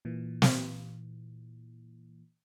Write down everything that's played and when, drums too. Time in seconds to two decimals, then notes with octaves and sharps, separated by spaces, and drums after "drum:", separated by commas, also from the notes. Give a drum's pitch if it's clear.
0.05 A#2 E3
0.42 drum: snare